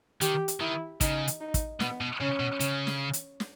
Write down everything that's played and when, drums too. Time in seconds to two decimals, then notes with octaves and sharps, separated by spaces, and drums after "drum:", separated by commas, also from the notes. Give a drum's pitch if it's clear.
0.21 D#3 G4, drum: hi-hat
0.48 drum: hi-hat
0.61 D#3 E4
1.01 C#3 D#4, drum: kick, hi-hat
1.28 drum: hi-hat
1.41 D#4
1.54 drum: kick, hi-hat
1.80 B2 B3, drum: snare
2.01 B2
2.20 C#3 C#4
2.40 B2
2.60 C#3, drum: hi-hat
2.87 drum: snare
3.13 drum: hi-hat
3.40 drum: snare